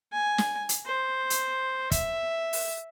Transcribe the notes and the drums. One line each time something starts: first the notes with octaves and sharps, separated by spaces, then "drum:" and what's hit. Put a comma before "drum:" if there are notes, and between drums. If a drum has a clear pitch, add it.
G#5
drum: snare
drum: hi-hat
C5
drum: hi-hat
E5, drum: kick, hi-hat
drum: open hi-hat